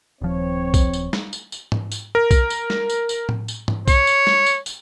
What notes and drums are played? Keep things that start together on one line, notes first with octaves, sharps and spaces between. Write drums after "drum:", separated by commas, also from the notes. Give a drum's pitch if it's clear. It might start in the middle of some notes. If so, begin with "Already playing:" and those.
D#1 F3 C4 C#5
drum: kick B1, tambourine
drum: tambourine
drum: snare
drum: tambourine
drum: tambourine
drum: tom G#2
drum: tambourine
A#4
drum: kick B1, tambourine
drum: tambourine
drum: snare
drum: tambourine
drum: tambourine
drum: tom A2
drum: tambourine
drum: tom G#2
C#5, drum: kick B1, tambourine
drum: tambourine
drum: snare
drum: tambourine
drum: tambourine